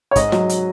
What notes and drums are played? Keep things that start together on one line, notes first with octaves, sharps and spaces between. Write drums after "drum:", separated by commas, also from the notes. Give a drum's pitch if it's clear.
C#5
G#2 D#5, drum: kick, hi-hat
F#3, drum: snare
drum: hi-hat